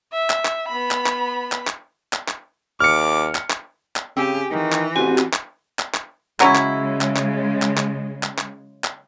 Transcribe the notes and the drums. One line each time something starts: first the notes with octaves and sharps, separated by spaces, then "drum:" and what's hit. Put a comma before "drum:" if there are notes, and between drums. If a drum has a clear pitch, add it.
E5
drum: clap
drum: clap
B3 B5
drum: clap
drum: clap
drum: clap
drum: clap
drum: clap
drum: clap
D#2 D6 F6 C#7
drum: clap
drum: clap
drum: clap
C#3 C4 G4 G#4 G#5
D#3 E3
drum: clap
A1 B3 C4 F#4 G4 C5 G#5
drum: clap
drum: clap
drum: clap
drum: clap
C#3 F#3 G#3 C#4 E4, drum: clap
drum: clap
drum: clap
drum: clap
drum: clap
drum: clap
drum: clap
drum: clap
drum: clap